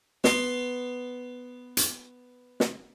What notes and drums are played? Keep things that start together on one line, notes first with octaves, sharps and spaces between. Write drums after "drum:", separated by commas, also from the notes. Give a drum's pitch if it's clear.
B3 C6, drum: snare
drum: hi-hat
drum: snare